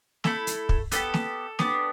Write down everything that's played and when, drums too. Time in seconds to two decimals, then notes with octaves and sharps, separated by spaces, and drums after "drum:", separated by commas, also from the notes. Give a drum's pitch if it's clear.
0.24 A3 E4 A4, drum: snare
0.47 drum: hi-hat
0.69 drum: kick
0.91 B3 D4 G4 A4, drum: hi-hat
1.14 drum: snare
1.59 B3 D4 G4, drum: snare